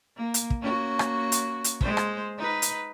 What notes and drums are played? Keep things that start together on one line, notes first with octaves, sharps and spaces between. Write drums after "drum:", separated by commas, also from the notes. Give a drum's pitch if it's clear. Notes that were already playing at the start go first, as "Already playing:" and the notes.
A#3
drum: hi-hat
drum: kick
A#3 C#4 F#4
drum: rim click
drum: hi-hat
drum: hi-hat
G#3 C5, drum: kick
drum: rim click
D#4 B4
drum: hi-hat